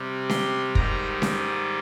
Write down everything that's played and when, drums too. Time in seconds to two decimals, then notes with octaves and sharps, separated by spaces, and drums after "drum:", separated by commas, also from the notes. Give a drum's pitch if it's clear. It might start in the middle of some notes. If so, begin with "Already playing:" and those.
Already playing: C3 G3
0.29 C6, drum: snare C#4
0.75 G#2 D#3 G3 A#5, drum: kick
1.22 drum: snare C#4